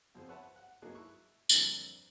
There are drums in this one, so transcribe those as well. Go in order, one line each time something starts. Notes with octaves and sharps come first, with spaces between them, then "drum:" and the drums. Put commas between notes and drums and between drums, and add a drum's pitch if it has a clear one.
B1 F2 G#4 C5
B4 C#5 E5 F#5 A5
F#5
F#3 A#3 B3 D#4 G#4 F#6
E4 C#6 F#6
F2 D3 E3 F#3 G3 A#3, drum: tambourine